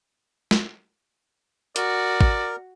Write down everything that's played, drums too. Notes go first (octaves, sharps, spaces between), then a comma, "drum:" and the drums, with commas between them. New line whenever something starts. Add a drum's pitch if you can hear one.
drum: snare
F#4 A#4 D5, drum: hi-hat
drum: kick